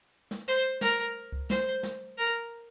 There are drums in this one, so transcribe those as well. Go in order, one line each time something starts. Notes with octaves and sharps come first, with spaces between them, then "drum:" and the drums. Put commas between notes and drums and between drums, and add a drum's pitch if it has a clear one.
drum: snare
C5
A#4, drum: snare
drum: kick C#2
C5, drum: snare
drum: snare
A#4